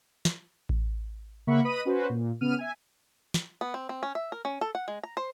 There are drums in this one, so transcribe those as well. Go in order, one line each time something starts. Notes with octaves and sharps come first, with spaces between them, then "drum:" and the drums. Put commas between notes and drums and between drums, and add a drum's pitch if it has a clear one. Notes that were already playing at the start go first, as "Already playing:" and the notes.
drum: snare
drum: kick A1
C#3 A#3 E5 F#5 B5 C#6
B4 D#5 B5 D#6 D#7
C#4 F#4 B4 C5
A#2
C#3 B3 F6 D#7
E5 G#5
drum: snare
B3
C4
C4
C#4
E5
A#4
C#4
A4
F#5
G#3
A#5
C5